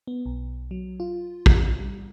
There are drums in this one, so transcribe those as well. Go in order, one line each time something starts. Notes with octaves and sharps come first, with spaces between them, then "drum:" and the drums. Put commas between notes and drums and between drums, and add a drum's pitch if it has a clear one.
B3
B1
F#3
F4
drum: kick
G3